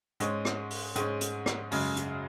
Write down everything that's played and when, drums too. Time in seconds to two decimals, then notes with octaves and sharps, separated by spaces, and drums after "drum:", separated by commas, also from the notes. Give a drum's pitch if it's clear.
0.20 G#2 G#3 C#4, drum: hi-hat
0.45 drum: rim click
0.70 drum: open hi-hat
0.96 G#2 G#3 C#4, drum: hi-hat
1.21 drum: hi-hat
1.46 drum: rim click
1.71 F#2 C#3 G#3, drum: open hi-hat
1.96 drum: hi-hat